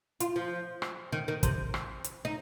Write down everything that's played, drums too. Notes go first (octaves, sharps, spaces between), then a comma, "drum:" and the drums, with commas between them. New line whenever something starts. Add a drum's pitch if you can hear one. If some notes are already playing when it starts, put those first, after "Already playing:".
F4, drum: hi-hat
F3
drum: rim click
D#3
D#3
C3, drum: kick, hi-hat
drum: rim click
drum: hi-hat
D#4